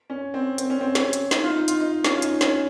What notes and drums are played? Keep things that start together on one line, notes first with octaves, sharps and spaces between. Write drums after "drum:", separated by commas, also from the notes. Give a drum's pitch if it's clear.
C#4
C4
C4, drum: hi-hat
C#4
C4
C#4, drum: snare
drum: hi-hat
D#4, drum: snare
F4
D#4
F4, drum: hi-hat
D#4
C#4, drum: snare
F4
D#4, drum: hi-hat
C#4, drum: snare